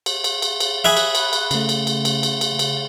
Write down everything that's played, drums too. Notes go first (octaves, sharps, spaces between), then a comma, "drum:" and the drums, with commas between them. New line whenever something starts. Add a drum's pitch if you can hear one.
drum: cymbal
drum: cymbal
drum: cymbal
drum: cymbal
G#4 E5 B5 F#6
drum: cymbal
drum: cymbal
drum: cymbal
C#3 A3, drum: cymbal
drum: cymbal
drum: cymbal
drum: cymbal
drum: cymbal
drum: cymbal
drum: cymbal